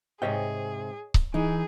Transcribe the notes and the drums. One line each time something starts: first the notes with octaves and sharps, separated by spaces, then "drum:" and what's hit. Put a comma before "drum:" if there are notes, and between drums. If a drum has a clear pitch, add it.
G#2 C3 G#4 C#5 D#5 G5
drum: kick C#1
E3 D#4 G#4